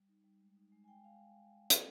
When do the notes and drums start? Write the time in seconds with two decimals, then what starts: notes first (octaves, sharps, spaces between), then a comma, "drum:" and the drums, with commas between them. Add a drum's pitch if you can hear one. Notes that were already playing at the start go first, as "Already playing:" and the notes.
Already playing: G3
0.09 D#4
0.24 G3
0.41 G#3
0.56 D#4
0.72 G#3
0.84 G#5
0.88 G#3 G5
1.04 G#3 F5
1.70 drum: hi-hat